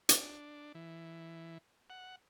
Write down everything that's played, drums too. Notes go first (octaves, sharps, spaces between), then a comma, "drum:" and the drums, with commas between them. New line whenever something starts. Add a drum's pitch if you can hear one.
D4, drum: hi-hat
E3
F#5